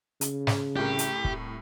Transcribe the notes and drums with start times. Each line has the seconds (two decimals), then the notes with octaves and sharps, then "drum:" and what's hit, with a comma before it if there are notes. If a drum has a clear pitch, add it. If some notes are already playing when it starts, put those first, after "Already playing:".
0.21 C#3, drum: hi-hat
0.47 drum: snare
0.76 C2 A2 G4 A#4
0.99 drum: hi-hat
1.25 drum: kick